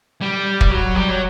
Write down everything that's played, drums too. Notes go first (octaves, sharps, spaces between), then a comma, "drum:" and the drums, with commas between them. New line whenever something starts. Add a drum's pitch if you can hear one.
G3
drum: kick
F#3
G3
F#3